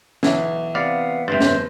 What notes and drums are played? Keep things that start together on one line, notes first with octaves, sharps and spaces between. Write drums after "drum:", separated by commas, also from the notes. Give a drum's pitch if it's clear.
B1 E3, drum: snare
C3 B3 D5 F5
F1 G2 C3 C5 A6
drum: snare